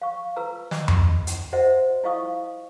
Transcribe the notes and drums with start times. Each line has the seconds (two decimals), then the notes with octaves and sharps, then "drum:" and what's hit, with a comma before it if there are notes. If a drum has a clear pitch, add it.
0.02 F5 C#6
0.36 F4 B4 A#5 E6
0.71 D#5, drum: snare
0.88 drum: tom F2
1.27 drum: hi-hat
1.53 F#4 C5 D#5 E5 F#5
2.04 E4 F4 D#5 F5 C#6 D#6